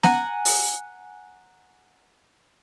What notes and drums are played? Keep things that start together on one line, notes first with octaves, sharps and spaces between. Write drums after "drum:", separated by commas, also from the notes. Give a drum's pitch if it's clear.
F#5 G#5 A#5, drum: snare B3
drum: open hi-hat